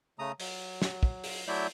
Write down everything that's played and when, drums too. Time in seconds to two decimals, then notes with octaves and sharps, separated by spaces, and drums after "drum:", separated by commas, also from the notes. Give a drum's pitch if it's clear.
0.19 C#3 A3 A#5 D#6
0.40 F#3, drum: open hi-hat
0.82 drum: snare
1.03 drum: kick
1.24 drum: open hi-hat
1.48 F#3 A3 E4 D5 E5 G6